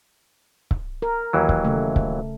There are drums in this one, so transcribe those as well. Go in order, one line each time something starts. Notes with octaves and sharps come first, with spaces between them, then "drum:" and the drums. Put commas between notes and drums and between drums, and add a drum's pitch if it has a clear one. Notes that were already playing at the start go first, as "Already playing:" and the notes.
drum: kick C#1
A#4
D#2 E3 F#3
drum: kick C#1
C#3 A3
drum: kick C#1